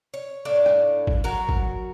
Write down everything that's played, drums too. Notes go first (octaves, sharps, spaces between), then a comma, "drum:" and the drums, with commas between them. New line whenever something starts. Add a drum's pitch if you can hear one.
C#5
A2 D4 A4 F5
drum: rim click
drum: kick A1
F#3 F#4 A#4
drum: kick A1